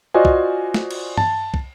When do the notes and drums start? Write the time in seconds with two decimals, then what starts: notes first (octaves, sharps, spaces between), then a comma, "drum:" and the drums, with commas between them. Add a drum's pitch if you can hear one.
0.14 F4 F#4 C5 D5 D#5 G#5
0.25 drum: kick
0.74 drum: snare
0.91 drum: cymbal
1.18 A5, drum: tom G2
1.54 drum: kick